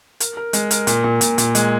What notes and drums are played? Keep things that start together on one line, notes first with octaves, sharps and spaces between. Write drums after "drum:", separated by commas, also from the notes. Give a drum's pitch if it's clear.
A#4, drum: hi-hat
A#4
G#3, drum: hi-hat
A#4, drum: hi-hat
A#2, drum: hi-hat
A#2
A#2, drum: hi-hat
A#2, drum: hi-hat
G#3, drum: hi-hat